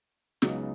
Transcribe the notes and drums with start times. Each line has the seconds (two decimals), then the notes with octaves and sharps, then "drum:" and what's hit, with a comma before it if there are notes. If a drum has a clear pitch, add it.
0.42 C#2 C#3 F#3 B3 D#4, drum: snare